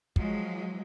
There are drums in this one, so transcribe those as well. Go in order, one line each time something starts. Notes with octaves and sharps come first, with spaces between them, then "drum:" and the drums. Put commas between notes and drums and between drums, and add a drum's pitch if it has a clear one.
F3 F#3 G#3, drum: kick